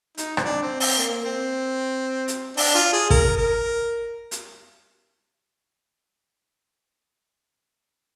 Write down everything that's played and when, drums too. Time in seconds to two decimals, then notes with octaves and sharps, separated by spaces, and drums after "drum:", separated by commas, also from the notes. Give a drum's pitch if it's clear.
0.18 D#4, drum: hi-hat
0.37 C4, drum: rim click
0.45 D4
0.62 C4
0.80 C4, drum: open hi-hat
0.98 A#3
1.25 C4
2.28 drum: hi-hat
2.57 D4, drum: open hi-hat
2.75 F4
2.93 G#4
3.10 A#4, drum: kick
3.37 A#4
4.31 drum: hi-hat